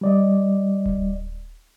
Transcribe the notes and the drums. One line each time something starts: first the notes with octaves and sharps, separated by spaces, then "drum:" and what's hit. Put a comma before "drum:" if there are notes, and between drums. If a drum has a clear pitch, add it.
G3 D5 D#5
drum: kick D1